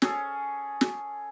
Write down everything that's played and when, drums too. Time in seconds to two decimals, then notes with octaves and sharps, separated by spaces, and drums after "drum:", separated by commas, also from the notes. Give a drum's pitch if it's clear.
0.02 C#4 G#4 A4, drum: snare
0.81 drum: snare